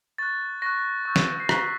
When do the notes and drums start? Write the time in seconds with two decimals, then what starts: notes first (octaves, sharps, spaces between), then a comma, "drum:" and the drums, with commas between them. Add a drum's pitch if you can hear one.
0.18 C#6 F#6 A6
0.62 C#6 F#6 A#6
1.05 C#6 E6 G6
1.16 drum: snare
1.40 C7
1.49 C#6 F#6 B6, drum: rim click